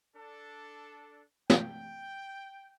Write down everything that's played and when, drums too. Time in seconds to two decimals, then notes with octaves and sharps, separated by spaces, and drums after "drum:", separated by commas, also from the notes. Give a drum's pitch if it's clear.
0.16 D4 A4
1.50 G5, drum: snare